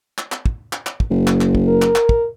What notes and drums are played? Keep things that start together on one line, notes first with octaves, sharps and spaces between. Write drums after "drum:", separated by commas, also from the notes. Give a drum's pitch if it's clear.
drum: clap
drum: clap
drum: kick
drum: clap
drum: clap
drum: kick
F#1
drum: clap
drum: clap
drum: kick
A#4
drum: clap
drum: clap
drum: kick